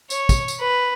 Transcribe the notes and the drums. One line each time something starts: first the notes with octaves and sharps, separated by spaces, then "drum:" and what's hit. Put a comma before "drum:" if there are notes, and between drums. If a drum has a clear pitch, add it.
C#5, drum: tambourine
drum: kick, tambourine
drum: tambourine
B4